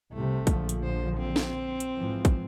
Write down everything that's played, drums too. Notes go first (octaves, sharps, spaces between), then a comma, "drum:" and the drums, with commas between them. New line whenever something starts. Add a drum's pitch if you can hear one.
C2 C3 A3
A#1 D3 F3, drum: kick, hi-hat
drum: hi-hat
C5
C4
drum: snare
drum: hi-hat
G#2 E3 F3
drum: kick, hi-hat